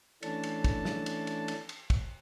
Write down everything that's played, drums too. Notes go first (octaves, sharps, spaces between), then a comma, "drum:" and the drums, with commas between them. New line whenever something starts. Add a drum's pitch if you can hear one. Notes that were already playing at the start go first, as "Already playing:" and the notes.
E3 A3 C#4 D4 A5, drum: cymbal
drum: cymbal
drum: kick, cymbal
drum: snare
drum: cymbal
drum: cymbal
drum: cymbal
drum: cymbal
drum: kick, cymbal